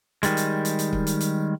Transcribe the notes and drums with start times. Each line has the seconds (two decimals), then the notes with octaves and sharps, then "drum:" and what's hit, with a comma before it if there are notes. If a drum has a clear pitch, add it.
0.23 D#3 G3 G#3, drum: hi-hat
0.37 drum: hi-hat
0.65 drum: hi-hat
0.79 drum: hi-hat
0.93 drum: kick
1.07 drum: hi-hat
1.21 drum: hi-hat